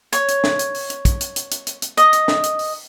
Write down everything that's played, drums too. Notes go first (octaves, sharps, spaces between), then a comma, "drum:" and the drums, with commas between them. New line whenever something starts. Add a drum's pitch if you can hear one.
C#5, drum: hi-hat
drum: hi-hat
drum: snare
drum: hi-hat
drum: open hi-hat
drum: hi-hat
drum: kick, hi-hat
drum: hi-hat
drum: hi-hat
drum: hi-hat
drum: hi-hat
drum: hi-hat
D#5, drum: hi-hat
drum: hi-hat
drum: snare
drum: hi-hat
drum: open hi-hat